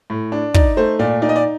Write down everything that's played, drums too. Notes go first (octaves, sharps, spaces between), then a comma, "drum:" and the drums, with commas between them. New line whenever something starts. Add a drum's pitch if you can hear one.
A2
D4
D#4 D5, drum: kick
A3 C5
A#2 D5
D#4 D5
D#5
D5